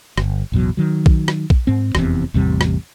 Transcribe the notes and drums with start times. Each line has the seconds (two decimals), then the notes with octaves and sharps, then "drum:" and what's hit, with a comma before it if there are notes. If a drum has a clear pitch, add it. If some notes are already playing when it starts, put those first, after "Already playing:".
0.18 G1, drum: rim click
0.52 A1 E2 B2 F#3
0.77 D#3 F#3
1.06 drum: kick A#1
1.28 drum: rim click
1.50 drum: kick A#1
1.67 G#2 C4
1.95 F1 E2 G#2 C3, drum: rim click
2.34 A1 E2 C3 G3
2.61 drum: rim click